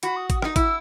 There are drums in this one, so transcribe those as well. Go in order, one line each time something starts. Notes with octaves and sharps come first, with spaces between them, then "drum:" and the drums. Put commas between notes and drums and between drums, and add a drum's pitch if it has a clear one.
F#4 B5, drum: hi-hat
D#6
D#6, drum: kick, hi-hat
D#4 D#6, drum: rim click
E4 E6, drum: kick, hi-hat